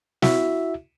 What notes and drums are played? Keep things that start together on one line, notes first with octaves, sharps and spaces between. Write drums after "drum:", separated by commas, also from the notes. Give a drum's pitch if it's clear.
E4 F#4 E5, drum: snare